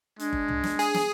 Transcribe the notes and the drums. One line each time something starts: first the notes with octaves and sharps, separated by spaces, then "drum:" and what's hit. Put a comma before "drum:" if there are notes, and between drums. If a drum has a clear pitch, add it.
G#3 D4, drum: hi-hat
drum: kick G1
drum: tom C2
drum: snare
G#4, drum: hi-hat
drum: snare